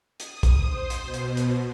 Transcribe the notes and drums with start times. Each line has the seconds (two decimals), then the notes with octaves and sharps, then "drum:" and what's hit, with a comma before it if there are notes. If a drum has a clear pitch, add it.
0.20 D#6, drum: hi-hat
0.43 drum: kick A#1, hi-hat
0.63 C5
0.90 drum: hi-hat
1.02 B2
1.14 drum: hi-hat
1.37 drum: hi-hat